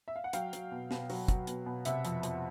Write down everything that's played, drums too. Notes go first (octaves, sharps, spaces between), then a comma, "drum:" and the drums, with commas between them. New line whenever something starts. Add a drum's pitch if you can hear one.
E5
F5
F#5
F#3 F5 G5, drum: hi-hat
F#3, drum: hi-hat
B2
B2, drum: snare
F#3, drum: open hi-hat
F#3, drum: kick, hi-hat
B2, drum: hi-hat
B2
C3 E5 F#5, drum: hi-hat
F2, drum: hi-hat
F2, drum: hi-hat